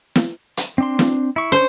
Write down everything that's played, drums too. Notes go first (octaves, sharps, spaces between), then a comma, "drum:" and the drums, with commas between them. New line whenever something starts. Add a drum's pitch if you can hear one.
drum: snare
drum: hi-hat
C4 D4 C6
drum: snare
E4 C#6
C#4 D4 C5 C#5